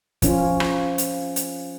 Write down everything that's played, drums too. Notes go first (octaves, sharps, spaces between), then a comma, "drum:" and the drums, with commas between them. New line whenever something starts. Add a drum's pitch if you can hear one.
F3 C#4 F4, drum: kick, hi-hat
drum: rim click
drum: hi-hat
drum: hi-hat